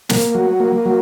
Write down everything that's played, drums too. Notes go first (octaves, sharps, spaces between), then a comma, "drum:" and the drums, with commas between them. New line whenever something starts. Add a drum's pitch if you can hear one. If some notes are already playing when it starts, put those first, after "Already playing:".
A#3, drum: snare
F#3
A#3
F#3